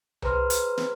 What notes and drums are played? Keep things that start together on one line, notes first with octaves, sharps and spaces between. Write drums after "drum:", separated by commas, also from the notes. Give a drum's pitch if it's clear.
G#4 B4 C5 A#5 C6 F6, drum: tom C2
drum: hi-hat
drum: snare